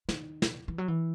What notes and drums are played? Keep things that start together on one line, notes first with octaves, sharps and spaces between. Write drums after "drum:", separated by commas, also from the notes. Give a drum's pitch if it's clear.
D#3, drum: snare
drum: snare
E3
F#3
E3